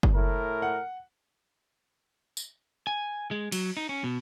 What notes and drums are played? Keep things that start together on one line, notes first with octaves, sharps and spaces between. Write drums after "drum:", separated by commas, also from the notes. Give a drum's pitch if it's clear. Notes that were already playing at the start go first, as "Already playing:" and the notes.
drum: kick F#1
A2 A#4
F#5
drum: tambourine
G#5
G#3
F#3, drum: cymbal
D#4
C#4
B2